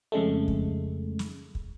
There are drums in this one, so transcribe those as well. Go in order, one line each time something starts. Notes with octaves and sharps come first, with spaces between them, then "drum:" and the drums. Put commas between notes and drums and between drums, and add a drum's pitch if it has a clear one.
F2 C#3 G#3 A3
drum: kick
drum: snare
drum: kick